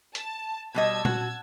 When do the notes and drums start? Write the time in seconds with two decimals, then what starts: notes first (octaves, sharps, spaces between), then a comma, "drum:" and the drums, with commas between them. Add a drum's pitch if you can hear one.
0.15 A5, drum: hi-hat
0.74 B2 G3 D#5 A5 E6 G#6
1.05 F#4, drum: tom A#2